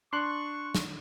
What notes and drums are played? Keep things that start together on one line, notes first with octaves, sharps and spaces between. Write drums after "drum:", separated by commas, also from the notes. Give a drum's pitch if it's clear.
D4 C6 C#6 F#6
drum: snare